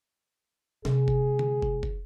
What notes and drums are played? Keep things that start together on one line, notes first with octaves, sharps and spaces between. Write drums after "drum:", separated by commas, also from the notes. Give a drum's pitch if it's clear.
C3 G#3 G#4, drum: snare
drum: kick
drum: tom D3
drum: kick
drum: kick